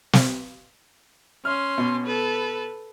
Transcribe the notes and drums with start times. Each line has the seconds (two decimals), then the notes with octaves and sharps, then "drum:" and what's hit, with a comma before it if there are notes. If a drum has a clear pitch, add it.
0.13 drum: snare
1.45 C#4 C6 F6
1.78 B2
2.06 A4 B4